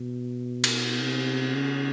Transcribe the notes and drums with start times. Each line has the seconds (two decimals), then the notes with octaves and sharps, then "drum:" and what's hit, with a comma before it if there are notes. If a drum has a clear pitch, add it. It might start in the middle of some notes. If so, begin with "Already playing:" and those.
Already playing: B2
0.64 drum: cymbal
1.00 C3
1.55 C#3